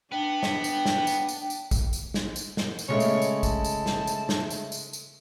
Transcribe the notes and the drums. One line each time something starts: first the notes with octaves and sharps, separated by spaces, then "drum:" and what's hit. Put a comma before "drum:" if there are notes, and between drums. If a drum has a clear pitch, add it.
B3 D4 G5
drum: snare
drum: tambourine
drum: snare
drum: tambourine
drum: tambourine
drum: tambourine
drum: kick A1, tambourine
drum: tambourine
drum: snare
drum: tambourine
drum: snare
drum: tambourine
C#3 G#3 A3 C#5
drum: tambourine
drum: tambourine
A5, drum: kick A1, tambourine
drum: tambourine
drum: snare
drum: tambourine
drum: snare
drum: tambourine
drum: tambourine
drum: tambourine